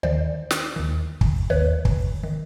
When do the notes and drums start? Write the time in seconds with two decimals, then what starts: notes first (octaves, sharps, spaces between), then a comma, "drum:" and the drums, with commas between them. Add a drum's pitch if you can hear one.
0.03 D#2 D#3 C5 D5
0.51 drum: snare
0.76 D#2 D#3
1.21 drum: kick
1.50 D#2 D#3 B4 C#5
1.85 drum: kick
2.23 D#3